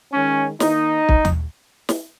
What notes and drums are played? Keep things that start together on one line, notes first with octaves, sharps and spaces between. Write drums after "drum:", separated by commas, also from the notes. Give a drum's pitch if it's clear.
D#3 G#3 C#4
D#3 A#3 D#4, drum: snare
drum: kick
drum: tom D#2
drum: snare